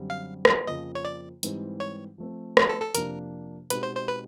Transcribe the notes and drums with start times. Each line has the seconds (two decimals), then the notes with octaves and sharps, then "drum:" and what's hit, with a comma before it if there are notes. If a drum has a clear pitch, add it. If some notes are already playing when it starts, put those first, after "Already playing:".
Already playing: F#2 D3 G3 C4
0.10 F5
0.45 drum: rim click
0.67 F2 C#3 F3 A#3 D#5
0.95 C#5
1.05 D5
1.43 G#2 E3 G3 C4 D#4, drum: hi-hat
1.80 C#5
2.18 F3 A3 C4
2.57 C#5, drum: rim click
2.69 A4
2.82 A4
2.95 F2 C3 F3 A#3 D4 A#4, drum: hi-hat
3.70 B2 G#3 C4 D#4 G4 B4, drum: hi-hat
3.83 C5
3.95 C5
4.08 B4